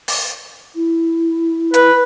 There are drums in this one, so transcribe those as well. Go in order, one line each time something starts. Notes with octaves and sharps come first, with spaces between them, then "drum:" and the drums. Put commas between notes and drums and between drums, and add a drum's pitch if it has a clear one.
drum: open hi-hat
E4
B4, drum: hi-hat